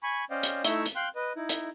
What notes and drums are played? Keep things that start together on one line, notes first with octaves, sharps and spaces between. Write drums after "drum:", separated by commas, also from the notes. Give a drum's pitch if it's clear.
G#5 B5 C#6
C#4 C5 D5 D#5 F5 G5
drum: hi-hat
A3 D#4 E4 E5 C#6 E6, drum: hi-hat
drum: hi-hat
F5 G5 C6 F#6
B4 D#5
D#4 E4
drum: hi-hat